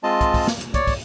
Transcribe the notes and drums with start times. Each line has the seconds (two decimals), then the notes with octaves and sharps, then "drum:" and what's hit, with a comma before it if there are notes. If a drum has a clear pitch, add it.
0.03 G#3 C4 F4 D#5 A5
0.21 drum: kick, hi-hat
0.34 drum: kick, open hi-hat
0.47 drum: snare
0.61 drum: hi-hat
0.74 C#5 D5, drum: kick, hi-hat
0.87 drum: kick, open hi-hat